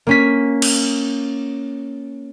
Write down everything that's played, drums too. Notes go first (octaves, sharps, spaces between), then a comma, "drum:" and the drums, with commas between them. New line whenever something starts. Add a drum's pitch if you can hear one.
A#3 C#4 B6
drum: cymbal